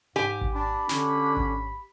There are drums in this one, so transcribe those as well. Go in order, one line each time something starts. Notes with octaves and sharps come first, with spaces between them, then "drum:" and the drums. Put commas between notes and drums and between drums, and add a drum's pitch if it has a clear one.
G#2 G4 G#5
drum: kick G#1
D4 B5
D3 C#4, drum: snare
drum: kick G#1